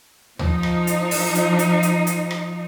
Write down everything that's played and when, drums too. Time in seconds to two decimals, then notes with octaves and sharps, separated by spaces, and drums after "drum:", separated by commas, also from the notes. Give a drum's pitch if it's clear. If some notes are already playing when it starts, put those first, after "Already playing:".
0.39 F3 D#4, drum: tom
0.63 drum: rim click
0.87 drum: hi-hat
1.11 drum: open hi-hat
1.35 drum: hi-hat
1.59 drum: hi-hat
1.83 drum: hi-hat
2.07 drum: hi-hat
2.31 drum: rim click